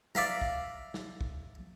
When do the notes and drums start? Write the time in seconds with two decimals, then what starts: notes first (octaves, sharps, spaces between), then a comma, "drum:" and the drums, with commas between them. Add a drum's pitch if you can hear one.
0.15 D5 E5 F5 A#5, drum: snare
0.41 drum: kick
0.94 drum: snare
1.21 drum: kick